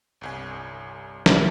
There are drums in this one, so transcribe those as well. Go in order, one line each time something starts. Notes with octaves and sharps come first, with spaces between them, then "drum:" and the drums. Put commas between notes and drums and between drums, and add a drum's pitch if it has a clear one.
G1 C2 G#5
drum: snare